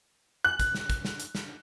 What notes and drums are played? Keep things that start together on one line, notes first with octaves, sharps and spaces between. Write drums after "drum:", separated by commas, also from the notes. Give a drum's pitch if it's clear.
F#6
drum: kick, hi-hat
drum: snare
drum: kick, hi-hat
drum: snare
drum: hi-hat
drum: snare